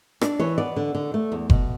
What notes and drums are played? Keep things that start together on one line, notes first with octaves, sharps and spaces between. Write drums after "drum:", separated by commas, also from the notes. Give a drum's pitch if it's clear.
D4 D5, drum: rim click
E3 C#5
B3 D5
D3
D3
A3
E2
B2, drum: kick F#1